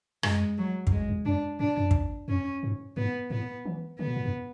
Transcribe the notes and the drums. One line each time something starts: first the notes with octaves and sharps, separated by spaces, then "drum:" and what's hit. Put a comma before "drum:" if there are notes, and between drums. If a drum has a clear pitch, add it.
F#2 G#3, drum: rim click
F#3
E2, drum: kick
F#2 G#3
E2
F#2 D4
G#2 D4
F#2
drum: kick
F#2 C#4
G#2
G#2 B3
A2 B3
E3
D3 B3
B2
A2
F#2